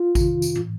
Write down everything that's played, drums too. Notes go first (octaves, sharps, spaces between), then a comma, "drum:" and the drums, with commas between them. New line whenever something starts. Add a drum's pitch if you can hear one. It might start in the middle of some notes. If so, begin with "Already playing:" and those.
Already playing: F4
F2 C3 D#3, drum: kick A1, tambourine
drum: tambourine
A2 E3, drum: tom